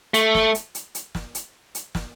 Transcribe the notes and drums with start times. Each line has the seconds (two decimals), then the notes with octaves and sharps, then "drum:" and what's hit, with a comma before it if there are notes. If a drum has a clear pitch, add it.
0.14 A3, drum: hi-hat
0.35 drum: snare
0.55 drum: hi-hat
0.75 drum: hi-hat
0.95 drum: hi-hat
1.15 drum: snare
1.35 drum: hi-hat
1.75 drum: hi-hat
1.95 drum: snare